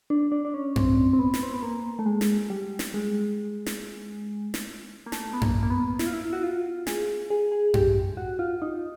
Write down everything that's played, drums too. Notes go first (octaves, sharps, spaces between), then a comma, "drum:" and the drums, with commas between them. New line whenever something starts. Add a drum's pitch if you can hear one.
D4
D4
D4
C#4
C4, drum: tom F#2
C4
B3
drum: snare
C4
B3
A#3
A3
G#3
drum: snare
G3
drum: snare
G#3
drum: snare
drum: snare
A#3
A3, drum: snare
B3
A#3, drum: tom F#2
A#3
B3
E4, drum: snare
F4
E4
F#4
F4
G#4, drum: snare
G#4
G#4
G4, drum: tom F#2
F#4
F4
D#4